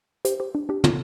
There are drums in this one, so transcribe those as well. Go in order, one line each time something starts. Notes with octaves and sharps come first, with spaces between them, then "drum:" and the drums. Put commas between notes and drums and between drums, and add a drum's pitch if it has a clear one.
G4 C5, drum: hi-hat
G4 C5
D4
D4 G4
F4 A4, drum: tom